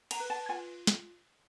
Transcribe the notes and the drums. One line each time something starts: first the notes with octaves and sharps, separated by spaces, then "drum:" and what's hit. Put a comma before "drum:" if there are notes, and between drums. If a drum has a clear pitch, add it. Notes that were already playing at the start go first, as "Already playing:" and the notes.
A#5, drum: cymbal
B4
A5
F4 G#5
drum: snare